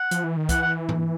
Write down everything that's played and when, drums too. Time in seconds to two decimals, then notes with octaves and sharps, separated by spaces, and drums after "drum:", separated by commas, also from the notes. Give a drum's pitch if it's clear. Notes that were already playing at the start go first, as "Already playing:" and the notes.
Already playing: F#5
0.11 F3, drum: hi-hat
0.24 E3
0.37 D#3
0.49 E3 F#5, drum: kick, hi-hat
0.62 F#5
0.89 drum: tom G#2